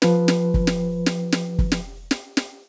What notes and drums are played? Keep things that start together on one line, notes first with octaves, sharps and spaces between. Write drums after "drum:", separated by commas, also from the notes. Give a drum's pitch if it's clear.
F3 B4, drum: snare
drum: snare
drum: kick
drum: snare
drum: snare
drum: snare
drum: kick
drum: snare
drum: snare
drum: snare